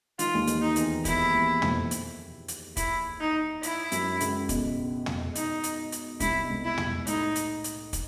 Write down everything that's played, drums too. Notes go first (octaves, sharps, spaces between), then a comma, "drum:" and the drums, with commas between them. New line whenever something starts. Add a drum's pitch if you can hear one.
D#3 F4, drum: hi-hat
E3
D#2 D#3
D#2 D#3, drum: hi-hat
D#4
E2 E3, drum: hi-hat
E2 E3 E4, drum: kick, hi-hat
E2 E3
F2 F3, drum: tom
drum: hi-hat
drum: hi-hat
E4, drum: kick, hi-hat
D#4
E4, drum: hi-hat
F#2 F#3, drum: hi-hat
C#2 C#3, drum: hi-hat
B1 B2, drum: kick, hi-hat
drum: tom
D#4, drum: hi-hat
drum: hi-hat
drum: hi-hat
C2 C3 E4, drum: kick, hi-hat
B2
C2 C3
E4
G#2, drum: tom
A2 D#4, drum: hi-hat
drum: hi-hat
drum: hi-hat
drum: kick, hi-hat